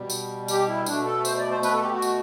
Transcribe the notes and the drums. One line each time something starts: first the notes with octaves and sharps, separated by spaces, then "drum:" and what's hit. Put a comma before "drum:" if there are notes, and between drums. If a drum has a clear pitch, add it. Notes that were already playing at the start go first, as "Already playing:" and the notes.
Already playing: B2 G3
drum: tambourine
G4, drum: tambourine
E4
B2 A3 D4, drum: tambourine
A4
C5, drum: tambourine
D5
C5
B4, drum: tambourine
A4
G4
F#4
drum: tambourine